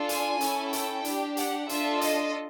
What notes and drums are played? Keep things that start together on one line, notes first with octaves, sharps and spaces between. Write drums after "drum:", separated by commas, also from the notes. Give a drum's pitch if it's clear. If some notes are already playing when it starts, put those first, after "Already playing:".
Already playing: D4 F4 A4
G#5, drum: hi-hat
C#4 E4 A4, drum: hi-hat
G5, drum: hi-hat
D4 G4, drum: hi-hat
F#5, drum: hi-hat
D4 F4 A4 E5, drum: hi-hat
D#5, drum: hi-hat